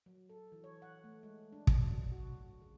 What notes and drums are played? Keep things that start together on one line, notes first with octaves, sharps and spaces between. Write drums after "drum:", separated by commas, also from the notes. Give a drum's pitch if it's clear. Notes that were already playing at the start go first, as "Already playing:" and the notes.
F#3
A4
E3
C#5
F#5
A3
G#3
D4
drum: kick
F#3
F#4
F#4
C#3